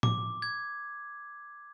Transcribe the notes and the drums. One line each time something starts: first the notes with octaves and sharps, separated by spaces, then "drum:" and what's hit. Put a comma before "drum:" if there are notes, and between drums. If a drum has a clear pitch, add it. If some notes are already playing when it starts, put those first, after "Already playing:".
D6, drum: tom A2
G#6